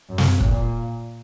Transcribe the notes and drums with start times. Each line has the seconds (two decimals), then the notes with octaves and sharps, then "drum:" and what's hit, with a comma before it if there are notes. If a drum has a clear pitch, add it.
0.09 F#2
0.18 drum: snare
0.41 A#2, drum: kick